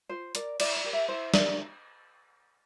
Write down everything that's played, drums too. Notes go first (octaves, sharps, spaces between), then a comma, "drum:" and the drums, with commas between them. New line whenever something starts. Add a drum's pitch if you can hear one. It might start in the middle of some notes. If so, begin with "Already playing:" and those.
F4 C5
A#4 D5, drum: hi-hat
E4 D5, drum: cymbal
D5
G4 A#4
E5
E4 C5
G4 A#4 D5, drum: snare